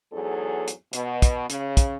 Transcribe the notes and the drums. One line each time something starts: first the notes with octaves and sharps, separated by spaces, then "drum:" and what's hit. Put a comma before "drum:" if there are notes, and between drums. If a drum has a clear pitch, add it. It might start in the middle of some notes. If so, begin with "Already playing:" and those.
E2 G#2 F#3 G#4 A4
drum: hi-hat
B2, drum: hi-hat
drum: kick, hi-hat
C#3, drum: hi-hat
drum: kick, hi-hat